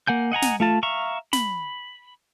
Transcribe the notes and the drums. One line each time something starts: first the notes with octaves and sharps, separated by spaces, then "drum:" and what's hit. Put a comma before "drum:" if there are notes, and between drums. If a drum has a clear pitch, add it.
A#3 F#5 G#5 G6
D#5 F#5 G#5 A#5
drum: snare
A3 F4 A5
E5 F5 A#5 C#6
B5, drum: snare